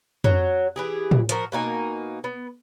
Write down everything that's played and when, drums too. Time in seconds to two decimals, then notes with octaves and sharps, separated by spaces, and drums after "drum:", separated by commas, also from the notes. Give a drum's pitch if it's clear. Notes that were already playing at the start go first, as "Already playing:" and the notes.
0.24 F#3, drum: tom F2
0.76 E3 G4 G#4
1.11 drum: tom A2
1.29 F3 F#4 A#4, drum: hi-hat
1.52 B2 A#3 D#4 G#5
2.24 B3